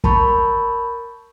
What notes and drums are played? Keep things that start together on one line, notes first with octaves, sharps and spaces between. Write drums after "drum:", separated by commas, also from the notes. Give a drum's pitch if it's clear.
A#4 A5 B5 C#6 G6, drum: kick